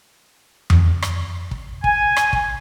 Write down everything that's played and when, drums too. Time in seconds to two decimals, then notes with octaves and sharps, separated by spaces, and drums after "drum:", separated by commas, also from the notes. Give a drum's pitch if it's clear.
0.70 drum: tom F2
1.02 drum: rim click
1.51 drum: kick
1.84 G#5, drum: kick
2.16 drum: rim click
2.33 drum: kick